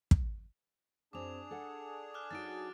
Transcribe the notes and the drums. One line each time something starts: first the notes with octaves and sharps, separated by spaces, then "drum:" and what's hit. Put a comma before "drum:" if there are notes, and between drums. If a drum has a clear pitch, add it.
drum: kick
F#2 C4 D4 G#4 D6 F7
A4 F#5
D6 F6 F#6
F#3 D#4 F#4 A6 D7